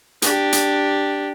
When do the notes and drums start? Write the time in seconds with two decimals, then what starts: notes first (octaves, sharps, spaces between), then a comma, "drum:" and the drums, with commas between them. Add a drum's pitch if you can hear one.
0.22 D4 G4, drum: hi-hat
0.53 drum: hi-hat